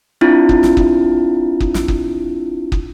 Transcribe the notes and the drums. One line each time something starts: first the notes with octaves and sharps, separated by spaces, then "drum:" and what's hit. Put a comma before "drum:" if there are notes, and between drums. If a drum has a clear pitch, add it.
C4 D4 E4 F4
drum: kick
drum: snare
drum: kick
drum: kick
drum: snare
drum: kick
drum: kick